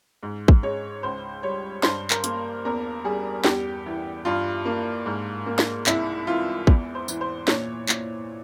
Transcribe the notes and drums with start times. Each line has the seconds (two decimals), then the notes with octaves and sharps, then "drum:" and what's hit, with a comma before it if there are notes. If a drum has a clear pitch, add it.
0.23 G#2
0.48 drum: kick
0.63 G#3 C#5
1.03 C#2 C5
1.43 G3 C#5
1.83 G2 C5, drum: snare
2.10 A#4, drum: clap
2.24 A#3, drum: hi-hat
2.65 E2 A#4
3.04 G3 G#4
3.45 E2 G4, drum: snare
3.86 E3
4.25 G2 F4
4.65 A#3
5.06 G#2
5.46 A#3
5.59 drum: snare
5.86 C2 E4, drum: clap
6.27 E3 F4
6.67 E2, drum: kick
6.95 C5
7.08 E3, drum: tambourine
7.21 C5
7.48 A#2 C#5, drum: snare
7.89 A#2, drum: clap